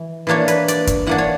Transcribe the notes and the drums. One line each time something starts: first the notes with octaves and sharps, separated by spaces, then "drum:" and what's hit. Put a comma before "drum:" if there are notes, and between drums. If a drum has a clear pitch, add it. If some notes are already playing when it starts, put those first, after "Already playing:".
Already playing: E3
E3 A#3 D4 C#5
B4, drum: hi-hat
D5, drum: hi-hat
drum: kick, hi-hat
E3 A#3 D4 F#5
C#5